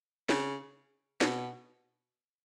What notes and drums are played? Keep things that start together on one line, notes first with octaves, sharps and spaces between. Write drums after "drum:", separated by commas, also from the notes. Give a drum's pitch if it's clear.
C#3, drum: snare
B2, drum: snare